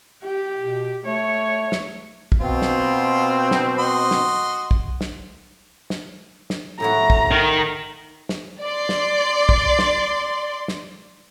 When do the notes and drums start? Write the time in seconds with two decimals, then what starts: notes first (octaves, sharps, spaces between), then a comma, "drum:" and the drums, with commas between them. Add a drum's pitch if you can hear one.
0.23 G4
0.59 B2
1.05 A3 C#5
1.72 drum: snare
2.32 drum: kick
2.41 B2 C4 F4
2.62 drum: snare
3.51 drum: snare
3.78 F#4 D#5 C6
4.11 drum: snare
4.71 drum: kick
5.01 drum: snare
5.90 drum: snare
6.50 drum: snare
6.80 A2 E4 F#4 A#5
7.10 drum: kick
7.31 D#3 A#4
8.29 drum: snare
8.64 D5 C6
8.89 drum: snare
9.49 drum: kick
9.79 drum: snare
10.68 drum: snare